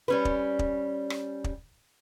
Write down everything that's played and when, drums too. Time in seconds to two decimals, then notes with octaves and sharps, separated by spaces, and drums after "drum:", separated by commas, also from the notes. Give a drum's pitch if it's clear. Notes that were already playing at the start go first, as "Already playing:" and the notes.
0.08 G3 C#4 B4
0.25 drum: kick
0.59 drum: kick
1.10 drum: rim click
1.44 drum: kick